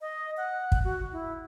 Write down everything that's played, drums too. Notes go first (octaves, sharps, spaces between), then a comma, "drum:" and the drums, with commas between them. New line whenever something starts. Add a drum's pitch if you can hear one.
D#5
F#5
drum: kick
F#4
E4